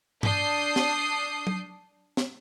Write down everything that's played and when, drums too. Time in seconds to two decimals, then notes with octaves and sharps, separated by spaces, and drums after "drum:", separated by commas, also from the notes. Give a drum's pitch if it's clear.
0.23 D4 D#6 G6 C7, drum: tom G2
0.76 drum: snare
1.47 drum: tom F#3
2.17 drum: snare